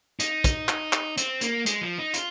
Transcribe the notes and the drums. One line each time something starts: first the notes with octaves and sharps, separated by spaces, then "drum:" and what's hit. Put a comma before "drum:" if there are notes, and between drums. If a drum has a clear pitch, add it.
D#4, drum: hi-hat
drum: kick, hi-hat
drum: clap
drum: clap
C4, drum: hi-hat
A#3, drum: hi-hat
G#3, drum: hi-hat
F3
D#4
F4, drum: hi-hat